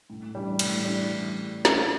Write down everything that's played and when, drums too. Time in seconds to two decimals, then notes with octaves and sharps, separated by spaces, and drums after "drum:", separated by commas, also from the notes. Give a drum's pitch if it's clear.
0.10 A2
0.34 E3 G3 D4
0.59 A2, drum: cymbal
0.84 E3 G3 D4
1.65 drum: snare